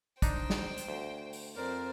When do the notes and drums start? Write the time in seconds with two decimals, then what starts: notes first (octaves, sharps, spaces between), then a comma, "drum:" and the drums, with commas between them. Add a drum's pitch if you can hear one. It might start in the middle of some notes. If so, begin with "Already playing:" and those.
0.22 D4 D#4 C5 G5, drum: kick, hi-hat
0.50 drum: snare
0.78 drum: hi-hat
0.88 D2
1.33 drum: open hi-hat
1.56 F2 A#4 C5 D5